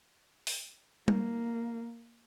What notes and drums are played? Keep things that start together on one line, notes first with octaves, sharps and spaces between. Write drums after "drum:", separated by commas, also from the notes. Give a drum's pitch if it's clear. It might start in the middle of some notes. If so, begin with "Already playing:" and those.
drum: open hi-hat
A#3, drum: tom G3